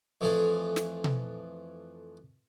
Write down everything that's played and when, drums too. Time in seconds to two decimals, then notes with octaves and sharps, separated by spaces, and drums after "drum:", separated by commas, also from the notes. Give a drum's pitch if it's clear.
0.21 F2 E3 F3 A3 G#4
0.76 drum: snare
1.04 drum: tom B2